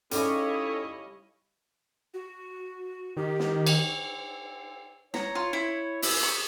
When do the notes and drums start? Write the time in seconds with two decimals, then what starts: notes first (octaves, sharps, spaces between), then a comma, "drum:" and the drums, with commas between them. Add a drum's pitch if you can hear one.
0.11 C#3 G3 C#4 D#4 E4 A4 C#5 D#5, drum: hi-hat
2.14 F#4
3.17 D#3 G4
3.39 drum: snare
3.67 drum: cymbal
5.14 C#5 A#5, drum: snare
5.35 F4
5.53 E4
6.02 E5, drum: open hi-hat
6.23 C#6